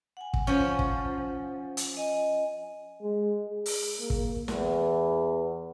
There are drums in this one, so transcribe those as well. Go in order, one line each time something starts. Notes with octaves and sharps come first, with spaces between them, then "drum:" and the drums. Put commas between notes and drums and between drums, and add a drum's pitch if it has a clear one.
F#5 G#5
drum: kick
F3 C#4
drum: kick
drum: hi-hat
D#5 G#5
G#3
G#4
drum: open hi-hat
A#3
drum: kick
E2, drum: snare